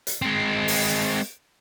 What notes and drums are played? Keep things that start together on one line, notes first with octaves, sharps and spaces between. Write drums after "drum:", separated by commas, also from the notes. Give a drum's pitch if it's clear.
drum: hi-hat
G#3 C4
drum: open hi-hat